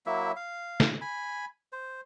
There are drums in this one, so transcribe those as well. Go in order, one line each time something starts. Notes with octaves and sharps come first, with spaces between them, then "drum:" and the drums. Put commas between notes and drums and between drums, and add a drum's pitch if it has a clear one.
F#3 A#3 E4 E5
F5
drum: snare
G#5 B5
C5